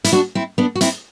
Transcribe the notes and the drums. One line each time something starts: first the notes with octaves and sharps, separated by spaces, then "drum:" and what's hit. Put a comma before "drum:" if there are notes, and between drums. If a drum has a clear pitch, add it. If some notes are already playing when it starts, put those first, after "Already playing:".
E4, drum: hi-hat
D4 F#4
C4 E4
B3 D4
F#4
C4 E4, drum: hi-hat